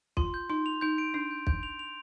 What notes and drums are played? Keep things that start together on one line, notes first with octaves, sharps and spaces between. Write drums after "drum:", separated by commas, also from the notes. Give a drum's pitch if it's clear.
F4 C6, drum: kick B1
G6
D#4 C6
F7
D#4 G6
D7
D4 G6
G6
G6, drum: kick B1
F7
F7